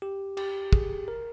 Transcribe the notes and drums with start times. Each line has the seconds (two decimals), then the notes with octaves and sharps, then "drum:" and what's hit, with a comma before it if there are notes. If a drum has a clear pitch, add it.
0.02 G4
0.37 G4, drum: cymbal
0.73 G#4, drum: kick
1.08 A#4